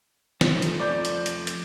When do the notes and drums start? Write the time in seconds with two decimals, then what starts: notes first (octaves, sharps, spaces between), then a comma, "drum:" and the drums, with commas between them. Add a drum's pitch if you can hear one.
0.41 F3 A3, drum: snare
0.62 drum: hi-hat
0.80 D5 G6
1.05 drum: hi-hat
1.26 drum: hi-hat
1.47 drum: hi-hat